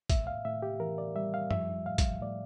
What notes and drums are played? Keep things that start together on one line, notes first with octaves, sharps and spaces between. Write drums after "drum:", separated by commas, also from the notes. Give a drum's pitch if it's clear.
A2 E5, drum: kick, hi-hat
F5
A2 E5
G4
E3 A#4
D5
G3 E5
F5
F3 E5, drum: tom F#2
A2 F5
drum: kick, hi-hat
A2 D5